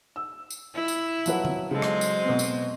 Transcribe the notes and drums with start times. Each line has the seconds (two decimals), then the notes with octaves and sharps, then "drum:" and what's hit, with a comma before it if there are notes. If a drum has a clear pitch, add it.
0.16 E6
0.50 drum: tambourine
0.75 E4
0.88 drum: tambourine
1.26 F3 F#3 B4, drum: tambourine
1.45 drum: tom D#3
1.71 C#3 F#3 G#3 A4 C5
1.82 drum: rim click
2.01 drum: tambourine
2.25 B2 B3 C4
2.39 drum: tambourine